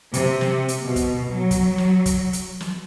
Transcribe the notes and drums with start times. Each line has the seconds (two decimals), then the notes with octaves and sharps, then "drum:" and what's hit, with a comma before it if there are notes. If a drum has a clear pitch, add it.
0.14 C3, drum: hi-hat
0.41 drum: snare
0.68 drum: hi-hat
0.84 B2
0.96 drum: kick, hi-hat
1.32 F#3
1.51 drum: kick, hi-hat
1.78 drum: snare
2.06 drum: kick, hi-hat
2.33 drum: hi-hat
2.60 drum: snare